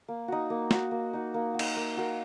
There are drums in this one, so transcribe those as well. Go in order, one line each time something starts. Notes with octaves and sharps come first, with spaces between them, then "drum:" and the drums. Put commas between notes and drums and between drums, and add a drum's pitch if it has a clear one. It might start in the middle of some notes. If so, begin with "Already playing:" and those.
A#3
D#4 F#4
A#3
D#4 F#4, drum: snare
A#3
D#4 F#4
A#3
F#4
D#4, drum: cymbal
A#3
F#4 A#4